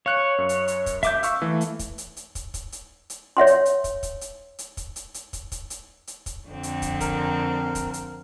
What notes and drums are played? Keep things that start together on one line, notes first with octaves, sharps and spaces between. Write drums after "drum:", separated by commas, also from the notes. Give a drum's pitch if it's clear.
C#5 F5 F#6 C#7
F#2
drum: hi-hat
drum: hi-hat
drum: kick, hi-hat
E5 D6 G6, drum: kick, hi-hat
F5 C#6 E6, drum: hi-hat
E3 A3
drum: hi-hat
drum: kick, hi-hat
drum: hi-hat
drum: hi-hat
drum: kick, hi-hat
drum: kick, hi-hat
drum: hi-hat
drum: hi-hat
C#5 E5 F#5 C6
drum: hi-hat
drum: hi-hat
drum: kick, hi-hat
drum: kick, hi-hat
drum: hi-hat
drum: hi-hat
drum: kick, hi-hat
drum: hi-hat
drum: hi-hat
drum: kick, hi-hat
drum: kick, hi-hat
drum: hi-hat
drum: hi-hat
drum: kick, hi-hat
F2 D3 C4
drum: hi-hat
drum: kick, hi-hat
A#4, drum: kick, hi-hat
drum: kick, hi-hat
drum: hi-hat